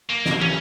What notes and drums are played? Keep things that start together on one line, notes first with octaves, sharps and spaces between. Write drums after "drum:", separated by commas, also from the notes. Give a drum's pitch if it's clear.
A#3
drum: snare
C#4, drum: tom